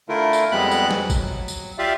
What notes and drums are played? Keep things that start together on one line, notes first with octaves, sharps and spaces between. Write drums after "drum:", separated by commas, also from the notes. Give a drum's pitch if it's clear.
D3 A3 E4 F4 A#4
drum: tambourine
F2 G3 G#3 B3 B5 F#6
drum: tambourine
drum: snare
F#3, drum: kick G#1, tambourine
drum: tambourine
F4 G4 D5 E5 F5